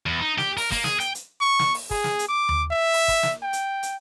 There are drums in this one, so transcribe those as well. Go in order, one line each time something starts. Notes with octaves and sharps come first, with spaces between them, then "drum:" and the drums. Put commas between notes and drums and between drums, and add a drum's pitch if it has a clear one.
E2
D#4
G4, drum: snare
A#4, drum: open hi-hat
A#3, drum: kick, open hi-hat
G#4, drum: snare
G5, drum: hi-hat
drum: hi-hat
C#6
drum: snare
drum: open hi-hat
G#4, drum: kick, open hi-hat
drum: snare
drum: hi-hat
D6
drum: tom D#2
E5
drum: open hi-hat
drum: kick, open hi-hat
drum: snare
G5
drum: hi-hat
drum: hi-hat